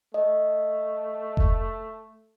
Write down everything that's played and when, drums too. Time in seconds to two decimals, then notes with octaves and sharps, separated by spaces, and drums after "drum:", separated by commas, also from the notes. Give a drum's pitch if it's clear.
0.14 A3 D#5
1.37 drum: kick F1